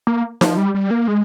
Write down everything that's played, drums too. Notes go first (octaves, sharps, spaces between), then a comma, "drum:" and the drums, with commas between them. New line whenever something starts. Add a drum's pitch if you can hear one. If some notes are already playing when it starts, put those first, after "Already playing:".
A#3
F3, drum: snare D#4
G3
G3
A#3
G#3